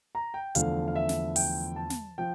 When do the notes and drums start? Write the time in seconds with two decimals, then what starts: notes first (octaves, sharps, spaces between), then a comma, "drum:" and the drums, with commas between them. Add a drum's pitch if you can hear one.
0.15 A#5
0.34 G5
0.55 E2 D3 F3 A3 F5, drum: hi-hat
0.88 F5
0.95 E5
1.09 drum: snare
1.36 G5, drum: open hi-hat
1.76 A5
1.90 drum: snare
2.18 F3 G5